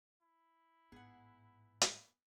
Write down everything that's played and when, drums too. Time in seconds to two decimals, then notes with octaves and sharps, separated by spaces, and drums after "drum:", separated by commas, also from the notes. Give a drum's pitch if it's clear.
0.22 E4
0.92 A1 G#2 B3 G#4 F#5
1.81 drum: hi-hat